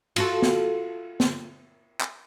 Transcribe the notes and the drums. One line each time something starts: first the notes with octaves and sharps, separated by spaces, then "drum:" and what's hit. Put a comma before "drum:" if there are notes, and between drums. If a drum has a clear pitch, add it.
F4 F#4 A4, drum: cymbal
drum: snare
drum: snare
drum: clap